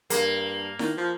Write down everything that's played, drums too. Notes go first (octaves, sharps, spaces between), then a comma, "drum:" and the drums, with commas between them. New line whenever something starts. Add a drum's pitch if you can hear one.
G2 A#3, drum: hi-hat
D#3, drum: snare E4
F3